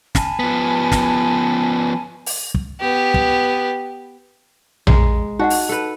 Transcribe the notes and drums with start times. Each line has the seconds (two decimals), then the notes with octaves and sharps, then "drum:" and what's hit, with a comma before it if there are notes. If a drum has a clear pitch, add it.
0.15 G#5 A5 B5, drum: snare
0.40 F3 B3
0.92 drum: snare
2.26 drum: open hi-hat
2.54 drum: kick
2.80 B3 G4
3.14 drum: kick
4.87 G#3 A#5, drum: tom A#1
5.39 D#4 F#4 D#5 F#5
5.50 drum: open hi-hat
5.69 A4 B4